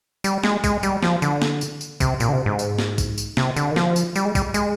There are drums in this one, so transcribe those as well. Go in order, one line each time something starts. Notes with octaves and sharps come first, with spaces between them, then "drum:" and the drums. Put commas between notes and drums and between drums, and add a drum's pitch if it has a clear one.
G3, drum: tambourine
G#3, drum: snare
G#3, drum: kick A#1, tambourine
G3, drum: tambourine
F3, drum: snare
D3, drum: tambourine
drum: snare
drum: tambourine
drum: tambourine
C3, drum: kick A#1, tambourine
A#2, drum: tambourine
D3
C3
G#2
drum: tambourine
drum: snare
drum: kick A#1, tambourine
drum: tambourine
C3, drum: snare
D3, drum: tambourine
D#3
F3, drum: snare
drum: tambourine
G3, drum: tambourine
G#3
G3, drum: kick A#1, tambourine
G#3, drum: tambourine